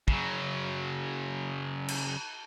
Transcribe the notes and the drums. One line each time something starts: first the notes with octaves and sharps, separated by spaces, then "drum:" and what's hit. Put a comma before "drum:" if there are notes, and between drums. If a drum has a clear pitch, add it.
C#3 F#3, drum: kick
drum: cymbal